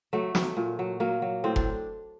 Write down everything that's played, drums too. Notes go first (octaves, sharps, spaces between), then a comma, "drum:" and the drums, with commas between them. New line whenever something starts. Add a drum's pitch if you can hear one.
F#3 A3
F#3, drum: snare
A#2
F#3
F#3 A#3
F#3
A2 C4
D4, drum: kick F1